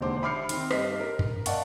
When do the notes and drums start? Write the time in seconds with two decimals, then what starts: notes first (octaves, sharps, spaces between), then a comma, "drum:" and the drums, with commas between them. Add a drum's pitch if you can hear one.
0.01 E1 D#2 D3 C5 D6
0.22 E5 B5 D6 F6 C7 C#7
0.49 D#3 C4, drum: hi-hat
0.71 G2 D#5 F6 B6 C7, drum: rim click
1.00 A#4
1.19 drum: tom F#2
1.46 D5 D#5 F5 F#5 A5 C#6, drum: hi-hat